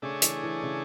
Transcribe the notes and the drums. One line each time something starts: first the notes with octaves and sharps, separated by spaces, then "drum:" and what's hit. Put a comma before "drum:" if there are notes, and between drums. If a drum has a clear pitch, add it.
C#3 A3 D4 G#4 C#5
E3, drum: hi-hat
E3
C#3